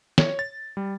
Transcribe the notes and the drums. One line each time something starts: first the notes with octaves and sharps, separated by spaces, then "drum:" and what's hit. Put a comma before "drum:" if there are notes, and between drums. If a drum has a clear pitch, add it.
C#5, drum: snare
A6
G3